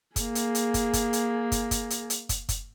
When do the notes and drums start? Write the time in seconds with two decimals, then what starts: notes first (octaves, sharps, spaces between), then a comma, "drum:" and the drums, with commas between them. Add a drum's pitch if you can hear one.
0.16 A#3 G#4, drum: kick, hi-hat
0.35 drum: hi-hat
0.55 drum: hi-hat
0.74 drum: kick, hi-hat
0.93 drum: kick, hi-hat
1.13 drum: hi-hat
1.52 drum: kick, hi-hat
1.71 drum: kick, hi-hat
1.90 drum: hi-hat
2.10 drum: hi-hat
2.29 drum: kick, hi-hat
2.49 drum: kick, hi-hat